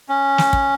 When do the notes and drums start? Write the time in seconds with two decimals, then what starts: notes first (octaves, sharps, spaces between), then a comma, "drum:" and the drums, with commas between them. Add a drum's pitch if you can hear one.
0.09 C#4
0.38 drum: snare
0.53 drum: kick